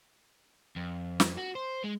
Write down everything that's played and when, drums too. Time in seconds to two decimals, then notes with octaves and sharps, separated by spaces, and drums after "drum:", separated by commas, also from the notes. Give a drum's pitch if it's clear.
0.76 F2
1.20 drum: snare
1.37 F#4
1.55 C5
1.84 G#3